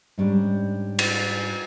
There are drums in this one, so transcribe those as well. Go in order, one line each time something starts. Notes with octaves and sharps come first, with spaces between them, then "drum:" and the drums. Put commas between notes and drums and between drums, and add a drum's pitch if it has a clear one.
G#2 G3 C#4 D4
drum: cymbal